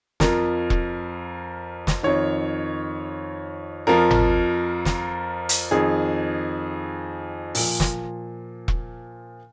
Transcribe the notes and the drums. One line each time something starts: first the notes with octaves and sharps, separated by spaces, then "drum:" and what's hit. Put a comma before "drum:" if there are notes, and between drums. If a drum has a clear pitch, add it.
F2 F3 A#4, drum: snare
drum: kick E1
drum: snare
F2 D#3 C#5
F2 F3 A#4
drum: tom G1
drum: snare
drum: hi-hat
F2 D#3 G#4
A#2 F3, drum: open hi-hat
drum: snare
drum: kick E1